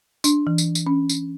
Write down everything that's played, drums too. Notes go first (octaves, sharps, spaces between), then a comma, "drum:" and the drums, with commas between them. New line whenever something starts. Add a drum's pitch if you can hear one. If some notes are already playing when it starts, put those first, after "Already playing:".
D4, drum: tambourine
E3
drum: tambourine
drum: tambourine
C#4
drum: tambourine